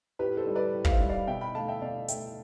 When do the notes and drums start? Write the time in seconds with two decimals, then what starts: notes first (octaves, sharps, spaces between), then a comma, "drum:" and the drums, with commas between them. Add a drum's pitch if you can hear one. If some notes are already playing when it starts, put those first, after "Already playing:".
0.19 A2 G4 B4
0.37 A4 C5
0.47 G3
0.55 B4 D5
0.73 A2
0.85 F5, drum: kick
0.92 C5 E5
1.00 G3
1.09 D5 F5
1.27 B2 E5 G5
1.41 G5 B5
1.55 A3 F5 A5
1.68 E5 G5
1.82 B2 D5 F5
2.08 A3 E5 G5, drum: hi-hat